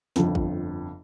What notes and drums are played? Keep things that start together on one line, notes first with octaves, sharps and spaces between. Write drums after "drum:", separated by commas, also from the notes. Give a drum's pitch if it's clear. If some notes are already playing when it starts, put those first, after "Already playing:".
G1 F2, drum: snare
drum: kick G#1